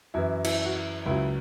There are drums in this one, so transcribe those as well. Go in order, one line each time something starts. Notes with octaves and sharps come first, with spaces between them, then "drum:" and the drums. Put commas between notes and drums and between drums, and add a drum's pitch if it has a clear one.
F#2 E3 E4
E4, drum: cymbal
F#4
E4
C#2 C#3 F#3 E4